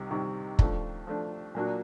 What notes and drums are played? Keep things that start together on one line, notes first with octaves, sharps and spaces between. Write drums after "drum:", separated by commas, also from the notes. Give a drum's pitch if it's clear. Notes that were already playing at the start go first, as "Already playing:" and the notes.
Already playing: C2 C3 D#3
C2 C3 D#3
F3 A3 D4, drum: kick
F3 A3 D4
A#2 F#3 A#3 D4 F#4